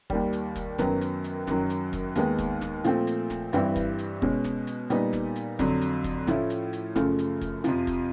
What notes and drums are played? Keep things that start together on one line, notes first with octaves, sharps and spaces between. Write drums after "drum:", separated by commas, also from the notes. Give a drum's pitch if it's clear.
D#2 D#3 G3, drum: kick
drum: hi-hat
drum: kick, hi-hat
F#2 D#3 F#3 B3, drum: snare
drum: hi-hat
drum: hi-hat
F#2 D#3 F#3, drum: snare
drum: hi-hat
drum: kick, hi-hat
D#2 D#3 G#3 B3 D#4, drum: hi-hat
drum: kick, hi-hat
drum: snare
A#2 F3 A3 C4, drum: hi-hat
drum: hi-hat
drum: snare
G2 E3 G3 C4 E4, drum: hi-hat
drum: kick, hi-hat
drum: hi-hat
B2 G#3 C#4, drum: kick
drum: snare
drum: hi-hat
A#2 G3 B3 D#4, drum: hi-hat
drum: snare
drum: hi-hat
F2 D3 F#3, drum: kick, hi-hat
drum: hi-hat
drum: kick, hi-hat
A2 F3 A3 C#4 E4, drum: snare
drum: hi-hat
drum: hi-hat
F#2 C#3 F3 A3, drum: snare
drum: hi-hat
drum: kick, hi-hat
F2 C3 F3, drum: hi-hat
drum: kick, hi-hat